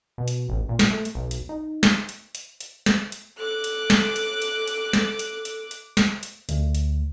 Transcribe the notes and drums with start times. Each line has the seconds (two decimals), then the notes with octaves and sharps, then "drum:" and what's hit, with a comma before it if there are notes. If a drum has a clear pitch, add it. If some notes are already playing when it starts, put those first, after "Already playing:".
0.18 B2
0.28 drum: hi-hat
0.49 A1
0.69 A#2
0.79 drum: snare
0.90 A3
1.05 drum: hi-hat
1.15 B1
1.31 drum: hi-hat
1.49 D#4
1.83 drum: snare
2.09 drum: hi-hat
2.35 drum: hi-hat
2.60 drum: hi-hat
2.86 drum: snare
3.12 drum: hi-hat
3.37 A4 D6 F#6
3.64 drum: hi-hat
3.90 drum: snare
4.16 drum: hi-hat
4.42 drum: hi-hat
4.68 drum: hi-hat
4.93 drum: snare
5.19 drum: hi-hat
5.45 drum: hi-hat
5.71 drum: hi-hat
5.97 drum: snare
6.23 drum: hi-hat
6.49 D2, drum: hi-hat
6.75 drum: hi-hat